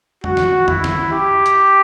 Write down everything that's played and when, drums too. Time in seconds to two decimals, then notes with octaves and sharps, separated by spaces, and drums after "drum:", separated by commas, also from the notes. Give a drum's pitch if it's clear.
0.24 F#4, drum: tom
0.37 drum: snare
0.68 E4, drum: tom
0.84 drum: snare
1.12 G4
1.46 drum: hi-hat